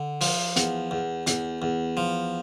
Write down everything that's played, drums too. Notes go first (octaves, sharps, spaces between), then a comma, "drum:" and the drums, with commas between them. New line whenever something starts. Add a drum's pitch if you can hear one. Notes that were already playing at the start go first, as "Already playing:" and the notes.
Already playing: D3
F3, drum: open hi-hat
E2, drum: hi-hat
E2
E2, drum: hi-hat
E2
F3